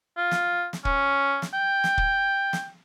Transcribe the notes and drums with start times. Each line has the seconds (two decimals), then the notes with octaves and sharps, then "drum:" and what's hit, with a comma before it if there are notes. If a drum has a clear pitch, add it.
0.18 F4
0.31 drum: snare
0.73 drum: snare
0.85 C#4, drum: kick
1.42 drum: snare
1.54 G5
1.84 drum: snare
1.98 drum: kick
2.53 drum: snare